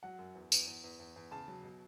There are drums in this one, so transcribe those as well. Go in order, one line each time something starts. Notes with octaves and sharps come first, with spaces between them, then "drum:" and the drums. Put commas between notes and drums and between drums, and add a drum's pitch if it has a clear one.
F#3 F#5
F#2
E2
E2, drum: tambourine
E2
E2
E2
E2
C#3 A5
F#3
B2